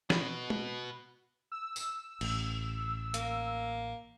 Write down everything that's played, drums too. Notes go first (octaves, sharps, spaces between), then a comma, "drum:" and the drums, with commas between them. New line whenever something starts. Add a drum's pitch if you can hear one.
F#4 B4, drum: snare
drum: tom
E6
drum: tambourine
A1, drum: cymbal
A#3, drum: hi-hat